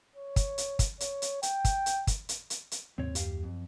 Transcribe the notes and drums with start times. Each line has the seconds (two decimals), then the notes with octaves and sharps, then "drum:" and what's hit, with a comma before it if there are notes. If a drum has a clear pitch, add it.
0.16 C#5
0.36 drum: kick, hi-hat
0.58 drum: hi-hat
0.79 drum: kick, hi-hat
1.00 C#5, drum: hi-hat
1.22 drum: hi-hat
1.43 G5, drum: hi-hat
1.65 drum: kick, hi-hat
1.86 drum: hi-hat
2.07 drum: kick, hi-hat
2.29 drum: hi-hat
2.50 drum: hi-hat
2.71 drum: hi-hat
2.98 D#2 G#2 C3 D#3 C4 C#5
3.15 F#2 G4 F5, drum: hi-hat
3.43 F2